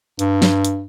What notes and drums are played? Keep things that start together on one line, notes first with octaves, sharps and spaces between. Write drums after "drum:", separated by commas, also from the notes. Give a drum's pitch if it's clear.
G2, drum: hi-hat
drum: snare
drum: hi-hat